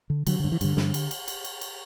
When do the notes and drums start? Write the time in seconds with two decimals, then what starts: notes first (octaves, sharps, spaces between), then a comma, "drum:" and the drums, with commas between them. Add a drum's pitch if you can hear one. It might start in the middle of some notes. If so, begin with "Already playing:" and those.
0.10 D3
0.27 D3 F#3, drum: cymbal
0.40 G2 D3
0.52 E3
0.61 G2 D3, drum: cymbal
0.77 G2, drum: snare
0.94 drum: cymbal
1.11 drum: cymbal
1.28 drum: cymbal
1.45 drum: cymbal
1.61 drum: cymbal